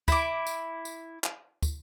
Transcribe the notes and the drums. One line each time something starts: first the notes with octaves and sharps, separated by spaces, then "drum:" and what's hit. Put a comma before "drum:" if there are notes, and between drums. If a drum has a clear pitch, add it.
E4 D6, drum: kick, tambourine
drum: tambourine
drum: tambourine
drum: clap
drum: kick, tambourine